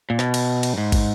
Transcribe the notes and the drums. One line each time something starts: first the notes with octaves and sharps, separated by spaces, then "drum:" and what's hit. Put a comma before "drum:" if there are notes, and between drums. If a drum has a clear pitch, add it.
A#2
B2, drum: rim click
drum: cymbal
drum: cymbal
F#2
G#2
drum: kick, cymbal